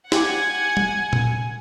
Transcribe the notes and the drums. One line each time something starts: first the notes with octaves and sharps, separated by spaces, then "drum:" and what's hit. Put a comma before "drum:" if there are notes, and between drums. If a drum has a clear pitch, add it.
G4 F#5 G#5 G#6, drum: snare
drum: tom
drum: tom A#2